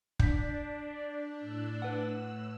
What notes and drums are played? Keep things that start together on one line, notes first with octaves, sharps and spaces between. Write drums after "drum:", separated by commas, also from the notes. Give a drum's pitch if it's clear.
D4 G6 B6, drum: kick
A2 E6 F#6
B4 F#5